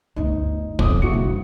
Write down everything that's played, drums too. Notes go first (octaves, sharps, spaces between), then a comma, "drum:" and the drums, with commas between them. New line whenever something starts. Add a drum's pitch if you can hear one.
G1 D2 D#4
F2 B2 B3 D6 D#6, drum: kick
F#1 B1 F#4 C#7
G2 A#3